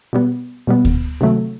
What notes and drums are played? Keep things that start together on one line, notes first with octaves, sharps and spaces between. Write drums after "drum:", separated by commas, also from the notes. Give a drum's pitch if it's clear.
B2 G3 B3
B2 G3 B3
drum: kick D2
C3 D#3 F#3 A3